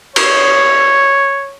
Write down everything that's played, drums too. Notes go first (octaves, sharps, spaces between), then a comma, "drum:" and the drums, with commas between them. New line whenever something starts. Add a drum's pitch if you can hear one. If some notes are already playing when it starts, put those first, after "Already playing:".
C#5, drum: cymbal